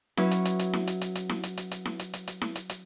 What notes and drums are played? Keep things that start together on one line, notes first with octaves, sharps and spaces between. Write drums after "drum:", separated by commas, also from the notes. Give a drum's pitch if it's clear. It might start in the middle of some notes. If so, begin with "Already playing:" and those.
F#3 C#4 E4 F#4 B4 C#5, drum: snare E4
drum: hi-hat
drum: hi-hat
drum: hi-hat
drum: snare E4
drum: hi-hat
drum: hi-hat
drum: hi-hat
drum: snare E4
drum: hi-hat
drum: hi-hat
drum: hi-hat
drum: snare E4
drum: hi-hat
drum: hi-hat
drum: hi-hat
drum: snare E4
drum: hi-hat
drum: hi-hat